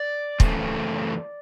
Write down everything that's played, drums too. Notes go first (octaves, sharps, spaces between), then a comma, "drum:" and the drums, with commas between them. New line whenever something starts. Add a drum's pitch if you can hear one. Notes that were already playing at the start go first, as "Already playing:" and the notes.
Already playing: D5
F#2 C#3 E3 A3 C4, drum: kick